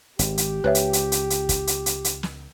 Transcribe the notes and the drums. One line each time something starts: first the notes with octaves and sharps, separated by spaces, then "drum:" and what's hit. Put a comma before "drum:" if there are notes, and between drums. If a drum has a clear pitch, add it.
G#1 G4, drum: hi-hat
drum: hi-hat
C#2 B4 C#5 E5
drum: hi-hat
drum: hi-hat
drum: hi-hat
drum: hi-hat
drum: kick, hi-hat
drum: hi-hat
drum: hi-hat
drum: hi-hat
drum: snare